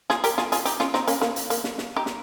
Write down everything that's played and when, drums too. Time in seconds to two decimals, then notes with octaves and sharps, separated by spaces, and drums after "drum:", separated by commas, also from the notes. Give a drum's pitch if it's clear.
0.10 F4 G#4, drum: snare
0.24 G4 A#4, drum: hi-hat
0.38 F4 G#4, drum: snare
0.52 F4 G#4, drum: hi-hat
0.65 D#4 G4, drum: hi-hat
0.80 C#4 F4, drum: snare
0.94 C4 D#4, drum: snare
1.08 A#3 C#4, drum: hi-hat
1.21 A#3, drum: snare
1.36 drum: hi-hat
1.50 A#3, drum: hi-hat
1.64 drum: snare
1.78 drum: snare
1.96 D#4 G4
2.06 drum: snare